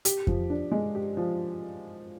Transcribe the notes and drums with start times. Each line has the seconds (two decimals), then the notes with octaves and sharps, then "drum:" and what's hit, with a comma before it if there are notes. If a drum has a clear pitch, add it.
0.05 G4, drum: hi-hat
0.27 F3, drum: kick F2
0.50 D4
0.71 G#3
0.95 G4
1.17 F3